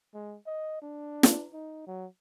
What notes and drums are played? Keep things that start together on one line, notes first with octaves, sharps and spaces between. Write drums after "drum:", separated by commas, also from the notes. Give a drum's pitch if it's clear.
G#3
D#5
D4
drum: snare
D#4
F#3